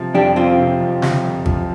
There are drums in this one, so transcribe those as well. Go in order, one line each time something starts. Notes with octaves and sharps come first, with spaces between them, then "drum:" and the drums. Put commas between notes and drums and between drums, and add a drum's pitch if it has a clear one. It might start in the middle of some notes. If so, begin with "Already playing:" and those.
Already playing: C3 F3
F2 D4 G4
F2 C4 F4
C3
F2
C3, drum: snare
F2
F3, drum: kick G#1